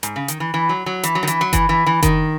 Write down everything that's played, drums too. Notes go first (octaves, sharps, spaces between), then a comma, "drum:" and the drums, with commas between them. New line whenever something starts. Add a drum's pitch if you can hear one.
G#2, drum: hi-hat
C#3
D#3, drum: hi-hat
E3
E3
F#3
F#3
E3, drum: hi-hat
F#3
D#3
E3, drum: hi-hat
F#3
E3, drum: kick F#1, hi-hat
E3
E3
D#3, drum: kick F#1, hi-hat